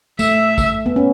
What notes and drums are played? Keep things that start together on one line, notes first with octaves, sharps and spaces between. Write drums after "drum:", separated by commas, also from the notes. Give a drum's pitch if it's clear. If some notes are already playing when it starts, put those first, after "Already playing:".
A3 E5, drum: tambourine
drum: kick A#1, tambourine
B3
C#4